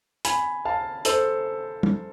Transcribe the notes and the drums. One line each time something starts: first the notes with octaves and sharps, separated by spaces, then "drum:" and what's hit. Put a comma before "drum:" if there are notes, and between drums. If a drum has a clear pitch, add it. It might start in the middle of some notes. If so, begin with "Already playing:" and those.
G#5 B5, drum: hi-hat
F5 A5
A4 C5, drum: hi-hat
drum: tom